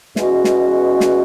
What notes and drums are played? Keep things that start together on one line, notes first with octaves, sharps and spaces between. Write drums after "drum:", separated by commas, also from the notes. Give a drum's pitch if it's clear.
E2 B2 G#3 C#4 F#4, drum: snare
drum: snare
drum: snare